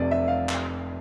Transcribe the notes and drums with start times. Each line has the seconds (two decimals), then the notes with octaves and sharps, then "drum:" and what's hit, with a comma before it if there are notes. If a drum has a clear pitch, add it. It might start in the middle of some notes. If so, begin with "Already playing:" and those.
Already playing: F1 F2 C3 D5
0.11 E5
0.28 F5
0.49 drum: clap